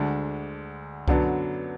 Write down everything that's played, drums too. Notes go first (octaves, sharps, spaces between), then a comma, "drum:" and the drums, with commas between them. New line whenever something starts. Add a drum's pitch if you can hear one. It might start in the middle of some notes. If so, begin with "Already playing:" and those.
Already playing: D2 D3 G#3 D4
F#2 D3 F#3 B3 D4, drum: kick C2